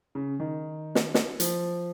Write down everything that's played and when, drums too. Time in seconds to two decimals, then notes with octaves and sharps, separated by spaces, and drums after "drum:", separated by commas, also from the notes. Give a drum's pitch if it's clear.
0.15 C#3
0.40 D#3
0.95 drum: snare
1.14 drum: snare
1.40 F3, drum: hi-hat